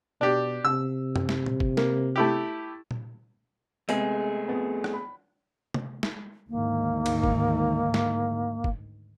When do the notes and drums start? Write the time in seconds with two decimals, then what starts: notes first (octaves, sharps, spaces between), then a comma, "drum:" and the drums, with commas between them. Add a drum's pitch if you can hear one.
0.21 B2 D4 G4
0.65 C3 E6
1.16 drum: tom F#2
1.29 drum: snare
1.46 drum: tom A#2
1.60 drum: kick
1.77 A#3, drum: snare
2.16 A3 E4 G4
2.91 drum: tom A#2
3.89 C3 G#3 A3 B3 G#4, drum: hi-hat
4.48 F2 B3
4.84 drum: rim click
4.93 B5
5.74 drum: tom C3
6.03 drum: snare
6.49 D2 G#2 D#3 A#3
7.06 drum: cymbal
7.23 drum: kick
7.94 drum: snare
8.64 drum: kick